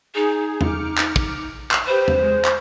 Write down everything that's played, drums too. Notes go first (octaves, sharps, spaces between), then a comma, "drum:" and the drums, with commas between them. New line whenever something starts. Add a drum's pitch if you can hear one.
D#4 G#4
D6 F6 C#7, drum: tom E2
drum: clap
drum: kick
drum: clap
G4 B4 C5
drum: tom E2
G#3
drum: clap